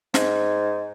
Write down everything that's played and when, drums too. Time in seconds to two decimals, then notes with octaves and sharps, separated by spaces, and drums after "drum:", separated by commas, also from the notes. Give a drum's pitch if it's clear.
0.14 G#2, drum: snare